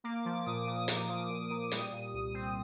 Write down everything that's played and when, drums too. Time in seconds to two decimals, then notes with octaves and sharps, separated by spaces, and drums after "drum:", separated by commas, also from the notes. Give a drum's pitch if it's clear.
0.04 A#3 D6
0.25 F3
0.46 A#2 D#6
0.67 A#2
0.76 D6
0.88 A#3 D#6, drum: hi-hat
1.09 F3
1.30 A#2
1.50 A#2
1.72 G3, drum: hi-hat
1.92 A#2
2.13 C2
2.34 C4